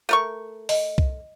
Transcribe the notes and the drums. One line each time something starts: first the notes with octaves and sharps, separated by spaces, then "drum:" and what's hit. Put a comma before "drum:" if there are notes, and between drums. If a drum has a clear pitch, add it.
A3 A#4 C#6
D#5, drum: open hi-hat
drum: kick C2